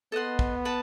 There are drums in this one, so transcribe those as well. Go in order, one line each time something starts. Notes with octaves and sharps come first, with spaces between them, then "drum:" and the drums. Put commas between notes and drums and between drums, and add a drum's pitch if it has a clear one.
B3 A4 D#5 F#5 C6
drum: kick
B4 F#5 A5